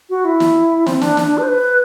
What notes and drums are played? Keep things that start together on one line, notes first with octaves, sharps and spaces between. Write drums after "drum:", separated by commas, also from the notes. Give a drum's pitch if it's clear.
F#4
E4
drum: snare
C4, drum: snare
D4, drum: snare
drum: snare
D4
B4
C5
B4